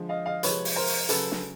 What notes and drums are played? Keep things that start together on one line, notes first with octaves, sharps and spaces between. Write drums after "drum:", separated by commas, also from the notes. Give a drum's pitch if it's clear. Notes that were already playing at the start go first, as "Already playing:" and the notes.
Already playing: D3 F3 G#3
D#5 F5
D#5 F5
C3 F3 G#3 B4 C#5, drum: hi-hat
drum: open hi-hat
A#4 C5
drum: open hi-hat
C#3 F#3 A4 B4, drum: hi-hat
drum: snare